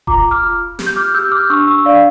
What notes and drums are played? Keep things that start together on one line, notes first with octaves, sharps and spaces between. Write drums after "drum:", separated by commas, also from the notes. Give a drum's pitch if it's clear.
F4 A#5 D6, drum: kick E1
D6 F6
F4
G4, drum: snare
G6
D6 F6
G4 E6 G6
D6 F6
D4 C#6 E6
C#6 E6
D4 D5 F5